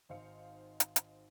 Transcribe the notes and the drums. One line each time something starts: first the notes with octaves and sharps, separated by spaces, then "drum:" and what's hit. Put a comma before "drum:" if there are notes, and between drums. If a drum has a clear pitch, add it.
G#1 D#4 C5 F5 C#7
drum: hi-hat
drum: hi-hat